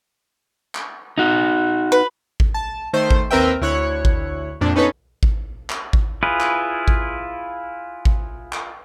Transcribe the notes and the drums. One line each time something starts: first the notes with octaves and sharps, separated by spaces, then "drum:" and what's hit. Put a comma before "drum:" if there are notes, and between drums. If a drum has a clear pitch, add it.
drum: clap
D#4 F#4
B4
drum: kick G#1
A5
D#3 A3 C5
drum: kick G#1
D#2 C4 A#4 B4 E5 G5
D2 E4 C#5 F#6 C#7
drum: kick G#1
F2 A#2 D4
B3 C#4 D#4 A4 B4 C#5
drum: kick G#1
drum: clap
drum: kick G#1
E4 F4 G#4 B4
drum: clap
drum: kick G#1
drum: kick G#1
drum: clap